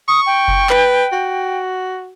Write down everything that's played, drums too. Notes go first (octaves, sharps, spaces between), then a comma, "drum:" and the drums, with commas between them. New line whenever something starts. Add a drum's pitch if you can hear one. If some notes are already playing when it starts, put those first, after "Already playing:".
C#6 D#6
G5
drum: kick F#1
B4, drum: clap
F#4